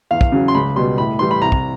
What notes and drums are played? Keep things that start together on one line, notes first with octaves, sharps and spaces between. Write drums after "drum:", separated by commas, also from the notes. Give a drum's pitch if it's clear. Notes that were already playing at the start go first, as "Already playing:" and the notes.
E2 F5
drum: kick
C#3 F#3
C6
C#2 B5
B2 G3 C6
A2 B5
E3 G3 C6
B5
C2 A#5
drum: kick